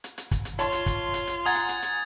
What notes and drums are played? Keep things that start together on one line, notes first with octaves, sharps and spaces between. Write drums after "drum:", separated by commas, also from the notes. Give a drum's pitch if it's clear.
drum: hi-hat
drum: hi-hat
drum: kick, hi-hat
drum: hi-hat
F4 C#5 A5 C6, drum: hi-hat
drum: hi-hat
drum: kick, hi-hat
drum: hi-hat
drum: hi-hat
F#5 G#5 A#5 D#6 G#6 A6
drum: hi-hat
drum: hi-hat
drum: hi-hat